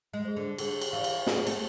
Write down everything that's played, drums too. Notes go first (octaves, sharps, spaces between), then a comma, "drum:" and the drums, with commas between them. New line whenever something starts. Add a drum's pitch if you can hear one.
G#3
G#4 C5
D3
D3 G#4, drum: cymbal
drum: cymbal
E3 D5 F5
drum: cymbal
C4 G#4, drum: snare
B3
A3, drum: cymbal